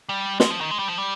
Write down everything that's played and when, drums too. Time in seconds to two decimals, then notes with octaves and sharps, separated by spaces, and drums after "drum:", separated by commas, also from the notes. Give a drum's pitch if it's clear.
0.09 G3
0.40 G#3, drum: snare
0.50 F3
0.61 D#3
0.71 G#3
0.79 G3
0.88 F3
0.98 G3